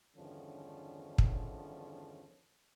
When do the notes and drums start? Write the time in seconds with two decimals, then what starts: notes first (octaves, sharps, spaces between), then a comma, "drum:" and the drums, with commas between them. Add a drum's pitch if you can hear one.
0.16 E2 G2 D3 D#3 F3 C#4
1.18 drum: kick